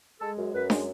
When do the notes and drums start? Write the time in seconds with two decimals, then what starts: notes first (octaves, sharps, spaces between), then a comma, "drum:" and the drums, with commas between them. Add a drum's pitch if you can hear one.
0.21 G#3 A4
0.38 F#2
0.54 F#2 B4
0.70 G#3, drum: snare D4